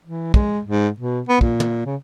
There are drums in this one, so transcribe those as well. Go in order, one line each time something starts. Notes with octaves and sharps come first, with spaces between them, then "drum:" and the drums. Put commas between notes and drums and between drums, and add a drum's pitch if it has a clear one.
E3
G#3, drum: kick
G#2
B2
B3
A#2, drum: kick
drum: tom
C#3